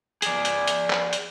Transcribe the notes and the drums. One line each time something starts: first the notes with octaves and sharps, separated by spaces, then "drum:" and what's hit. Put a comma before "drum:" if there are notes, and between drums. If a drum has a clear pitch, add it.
G#4 D5, drum: hi-hat
drum: hi-hat
drum: hi-hat
drum: clap
drum: hi-hat